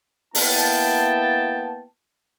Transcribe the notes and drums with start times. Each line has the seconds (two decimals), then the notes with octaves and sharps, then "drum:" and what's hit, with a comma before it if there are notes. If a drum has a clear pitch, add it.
0.35 A#3 B3 E4 G5 A5, drum: open hi-hat